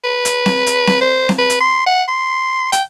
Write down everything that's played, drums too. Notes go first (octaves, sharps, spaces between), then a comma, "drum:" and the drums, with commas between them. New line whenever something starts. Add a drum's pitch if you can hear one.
B4
drum: hi-hat
drum: snare C4
drum: hi-hat
drum: snare C4
C5
drum: snare C4
B4
drum: hi-hat
C6
F#5
C6
G5, drum: hi-hat